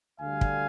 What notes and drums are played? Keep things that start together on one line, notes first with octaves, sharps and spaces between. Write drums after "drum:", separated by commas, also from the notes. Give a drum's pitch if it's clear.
D2 D3 G3 F5 G#5
drum: kick